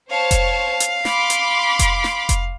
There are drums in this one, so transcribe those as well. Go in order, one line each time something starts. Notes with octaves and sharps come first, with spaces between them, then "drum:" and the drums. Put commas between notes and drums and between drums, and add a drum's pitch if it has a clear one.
C5 C#5 F5 A5
drum: kick F1, hi-hat
drum: hi-hat
B5 C6 D6, drum: snare
drum: hi-hat
drum: kick F1, hi-hat
drum: snare
drum: kick F1, hi-hat